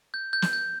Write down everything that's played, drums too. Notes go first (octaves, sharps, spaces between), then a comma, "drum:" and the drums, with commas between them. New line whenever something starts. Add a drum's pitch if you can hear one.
G6
G6
drum: snare
G6